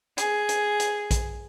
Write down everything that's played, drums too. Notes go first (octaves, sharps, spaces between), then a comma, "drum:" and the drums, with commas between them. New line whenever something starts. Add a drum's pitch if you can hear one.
G#4, drum: hi-hat
drum: hi-hat
drum: hi-hat
drum: kick A#1, hi-hat